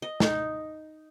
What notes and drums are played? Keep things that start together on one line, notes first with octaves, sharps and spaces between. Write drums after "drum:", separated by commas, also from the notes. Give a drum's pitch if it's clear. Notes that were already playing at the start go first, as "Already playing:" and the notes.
D#5
D#4, drum: snare